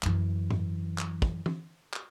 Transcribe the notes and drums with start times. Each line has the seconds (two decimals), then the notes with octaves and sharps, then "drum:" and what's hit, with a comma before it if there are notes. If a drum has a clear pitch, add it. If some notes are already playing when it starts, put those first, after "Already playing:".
0.03 F#2 E3, drum: clap
0.51 drum: tom G#2
0.98 drum: clap
1.22 drum: kick
1.46 drum: tom
1.94 drum: clap